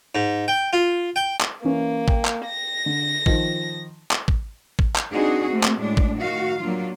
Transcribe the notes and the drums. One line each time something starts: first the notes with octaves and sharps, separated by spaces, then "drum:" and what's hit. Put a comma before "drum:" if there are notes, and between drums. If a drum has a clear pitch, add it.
G#2
G5
F4
G5
drum: clap
E3 A#3 C#4
G5, drum: kick
drum: clap
A#6
D3
D#3 F3, drum: kick
drum: clap
drum: kick
drum: kick
drum: clap
C4 D4 D#4 F#4 G#4
A3 A#3 C4
drum: clap
A2 G#3 D4
drum: kick
D#3 F#4 F5
F#3 A#3 D4 F4